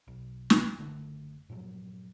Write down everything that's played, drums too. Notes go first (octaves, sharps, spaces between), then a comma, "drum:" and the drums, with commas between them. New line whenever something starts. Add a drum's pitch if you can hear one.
B1
drum: snare
F#1 D3 A3
G2 A#2 F3 F#3